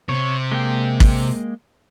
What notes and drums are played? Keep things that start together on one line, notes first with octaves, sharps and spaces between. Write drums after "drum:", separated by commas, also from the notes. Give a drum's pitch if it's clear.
C3 C#5
G#3 A#3 G5
drum: kick